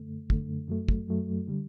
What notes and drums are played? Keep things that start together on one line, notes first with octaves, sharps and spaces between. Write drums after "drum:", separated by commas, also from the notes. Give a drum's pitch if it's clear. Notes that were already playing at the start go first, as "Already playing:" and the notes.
Already playing: F#2 D3 A3
F#2 D3 A3, drum: kick
F#2 F#3 A3
drum: kick
F#2 F#3 A3
D3 G3